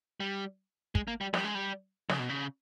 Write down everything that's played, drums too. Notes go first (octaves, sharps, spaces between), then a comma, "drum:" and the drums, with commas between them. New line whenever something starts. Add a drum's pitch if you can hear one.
G3
G#3, drum: kick
A#3
G3
G3, drum: snare
G#3
G3
C#3, drum: snare
B2
C#3